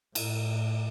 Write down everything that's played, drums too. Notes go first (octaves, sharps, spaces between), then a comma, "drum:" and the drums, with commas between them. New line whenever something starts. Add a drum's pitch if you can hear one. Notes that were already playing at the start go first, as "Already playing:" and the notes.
A2, drum: cymbal